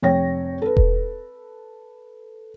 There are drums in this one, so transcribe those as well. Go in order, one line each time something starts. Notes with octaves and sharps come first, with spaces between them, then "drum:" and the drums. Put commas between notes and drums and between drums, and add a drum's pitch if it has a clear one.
F1 C#5 G5 A#6
A4 B4
drum: kick E1